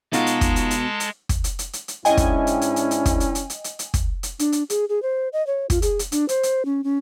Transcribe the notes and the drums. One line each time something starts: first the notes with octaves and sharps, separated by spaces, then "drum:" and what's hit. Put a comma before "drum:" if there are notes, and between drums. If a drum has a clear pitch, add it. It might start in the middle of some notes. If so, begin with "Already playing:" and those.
B2 G#3 D#4 F4 F#4 A4, drum: hi-hat
drum: hi-hat
drum: kick, hi-hat
drum: hi-hat
drum: hi-hat
drum: hi-hat
drum: kick, hi-hat
drum: hi-hat
drum: hi-hat
drum: hi-hat
drum: hi-hat
G#2 C#4 D4 E4 D#5 G5 G#5, drum: hi-hat
drum: kick, hi-hat
drum: hi-hat
drum: hi-hat
drum: hi-hat
drum: hi-hat
drum: kick, hi-hat
drum: hi-hat
drum: hi-hat
drum: hi-hat
drum: hi-hat
drum: hi-hat
drum: kick, hi-hat
drum: hi-hat
D4, drum: hi-hat
drum: hi-hat
G#4, drum: hi-hat
G#4
C5
D#5
C#5
F4, drum: kick, hi-hat
G#4, drum: hi-hat
drum: hi-hat
D4, drum: hi-hat
C5, drum: hi-hat
drum: hi-hat
C#4
C#4